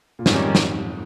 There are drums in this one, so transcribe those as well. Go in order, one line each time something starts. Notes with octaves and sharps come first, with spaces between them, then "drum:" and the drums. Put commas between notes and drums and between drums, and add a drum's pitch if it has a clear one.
A#2
F2 G#2 D#3 G3 C#4, drum: snare
drum: snare